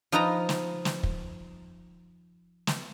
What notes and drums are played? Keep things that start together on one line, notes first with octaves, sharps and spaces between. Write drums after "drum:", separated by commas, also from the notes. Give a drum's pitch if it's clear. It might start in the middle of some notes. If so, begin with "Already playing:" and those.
F3 D#4 B4 D#5 A#5
drum: snare
drum: snare
drum: kick
drum: snare